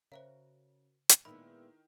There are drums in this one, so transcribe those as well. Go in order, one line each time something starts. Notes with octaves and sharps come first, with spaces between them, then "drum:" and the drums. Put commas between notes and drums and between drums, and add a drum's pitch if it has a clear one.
C#3 F#4 A#4 C5 E5 F5
drum: hi-hat
A#2 D#3 G#3 B3 E4 B5